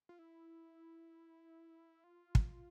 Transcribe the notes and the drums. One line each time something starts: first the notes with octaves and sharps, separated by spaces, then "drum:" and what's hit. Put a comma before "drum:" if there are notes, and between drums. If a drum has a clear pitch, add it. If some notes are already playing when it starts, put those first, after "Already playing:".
F4
E4
F4
drum: kick